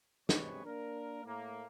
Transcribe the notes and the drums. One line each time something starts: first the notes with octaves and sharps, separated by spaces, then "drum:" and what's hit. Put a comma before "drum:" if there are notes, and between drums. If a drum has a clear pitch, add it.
B1 C3 G#3 B4 C#5, drum: snare
A#3 D4 A#4
A2 A#3